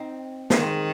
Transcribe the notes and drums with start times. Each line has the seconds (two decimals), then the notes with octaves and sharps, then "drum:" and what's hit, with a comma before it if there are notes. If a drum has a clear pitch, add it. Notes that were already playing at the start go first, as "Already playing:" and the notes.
Already playing: C4 D#4
0.50 D#3 G#3 C4, drum: snare